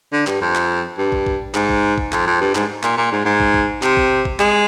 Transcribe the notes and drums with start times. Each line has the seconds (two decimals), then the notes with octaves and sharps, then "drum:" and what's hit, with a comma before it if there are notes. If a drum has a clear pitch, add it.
0.13 D3
0.27 G2, drum: clap
0.41 F2
0.55 drum: clap
0.98 G2
1.12 drum: kick
1.26 drum: kick
1.54 G#2, drum: clap
1.69 drum: kick
1.98 drum: kick
2.12 F2, drum: clap
2.27 F2
2.41 G2
2.55 G#2, drum: clap
2.83 A#2, drum: clap
2.97 A#2
3.12 G#2
3.25 G#2
3.40 drum: kick
3.54 drum: kick
3.83 C3, drum: clap
3.97 drum: kick
4.25 drum: kick
4.40 G#3, drum: clap